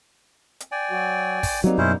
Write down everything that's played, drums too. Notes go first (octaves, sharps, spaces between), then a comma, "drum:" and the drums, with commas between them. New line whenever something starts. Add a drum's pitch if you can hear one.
drum: hi-hat
D5 G5 G#5
F#3 F#4
drum: kick, open hi-hat
F#3 G3 A#3 C4 D#4
F#2 B2 C#4 E4 C5